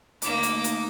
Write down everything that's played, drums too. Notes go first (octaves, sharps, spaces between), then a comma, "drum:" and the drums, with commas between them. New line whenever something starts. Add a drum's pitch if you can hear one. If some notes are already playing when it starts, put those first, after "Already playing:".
D2 A#3 D#4 D6, drum: hi-hat
drum: hi-hat
drum: hi-hat